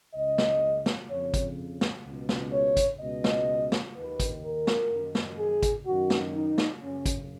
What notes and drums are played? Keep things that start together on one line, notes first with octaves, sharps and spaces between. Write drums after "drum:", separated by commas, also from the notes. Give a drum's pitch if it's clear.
C#2 C#3 D#5
drum: snare
drum: snare
F2 C#3 C#5
drum: kick, hi-hat
drum: snare
C#2 B2
drum: snare
C#5
drum: kick, hi-hat
C#2 B2 D#5
drum: snare
drum: snare
D#2 D#3 B4
drum: kick, hi-hat
A#4
drum: snare
F#2 D#3
drum: snare
G#4
drum: kick, hi-hat
F#2 D#3 F#4
drum: snare
D#4
drum: snare
F#2 C#3 C#4
drum: kick, hi-hat